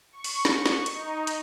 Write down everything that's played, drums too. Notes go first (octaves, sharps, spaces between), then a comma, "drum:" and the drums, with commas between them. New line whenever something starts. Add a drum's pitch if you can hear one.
C#6
drum: open hi-hat
drum: snare
drum: snare
D#4, drum: hi-hat
drum: hi-hat